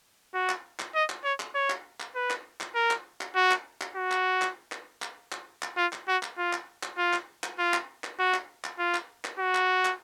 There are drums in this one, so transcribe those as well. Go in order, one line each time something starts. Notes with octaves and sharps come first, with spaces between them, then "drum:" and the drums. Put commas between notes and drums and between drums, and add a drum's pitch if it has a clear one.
F#4
drum: clap
drum: clap
D#5
drum: clap
C#5
drum: clap
C#5
drum: clap
drum: clap
B4
drum: clap
drum: clap
A#4
drum: clap
drum: clap
F#4
drum: clap
drum: clap
F#4
drum: clap
drum: clap
drum: clap
drum: clap
drum: clap
drum: clap
F4
drum: clap
F#4
drum: clap
F4
drum: clap
drum: clap
F4
drum: clap
drum: clap
F4
drum: clap
drum: clap
F#4
drum: clap
drum: clap
F4
drum: clap
drum: clap
F#4
drum: clap
drum: clap